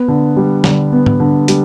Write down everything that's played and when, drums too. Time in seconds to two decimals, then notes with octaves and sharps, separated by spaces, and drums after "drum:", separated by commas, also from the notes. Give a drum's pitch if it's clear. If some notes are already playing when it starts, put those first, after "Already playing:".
Already playing: B3
0.08 D3
0.37 G3
0.64 D3, drum: snare G3
0.93 B3
1.06 drum: tom G#2
1.20 D3
1.48 G3, drum: hi-hat